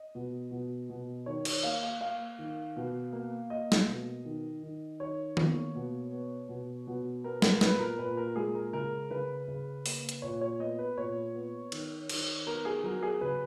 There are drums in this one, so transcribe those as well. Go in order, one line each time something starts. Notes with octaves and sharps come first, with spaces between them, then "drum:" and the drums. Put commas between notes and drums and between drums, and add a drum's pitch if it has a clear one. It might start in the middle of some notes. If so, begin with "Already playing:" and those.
Already playing: D#5
B2
B2
B2
D#3 C#5
C#5, drum: cymbal
A#3 F5
F5
A#3 F5
D#3
B2
A#3
A#3 D#5
drum: snare
B2
D#3
D#3
D#3 C#5
A#3, drum: tom D#3
B2
B3
B2
B2
B3 A#4
A#4, drum: snare
A#2 B4, drum: snare
A#4
A#2 B4
A#4
G#3 G#4
A#4
C#3 A#4
C#3 B4
C#3
A#3, drum: open hi-hat
drum: hi-hat
A#2 C#5
C#5
B3 D#5
B4
A#2 C#5
B3
D#3, drum: cymbal
D#3, drum: cymbal
B3 A#4
G#4
F#3 A#4
G#4
C#3 B4